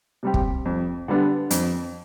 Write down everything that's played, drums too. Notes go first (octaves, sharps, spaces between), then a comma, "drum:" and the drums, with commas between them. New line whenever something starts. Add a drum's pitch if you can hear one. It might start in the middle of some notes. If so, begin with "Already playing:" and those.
C3 G3 C4 G4
drum: kick
F2
D3 G3 B3 D4
F2, drum: hi-hat